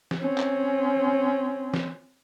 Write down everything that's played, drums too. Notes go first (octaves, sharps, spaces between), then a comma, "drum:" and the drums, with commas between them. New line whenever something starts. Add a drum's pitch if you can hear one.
drum: snare
C4 C#4
drum: clap
drum: snare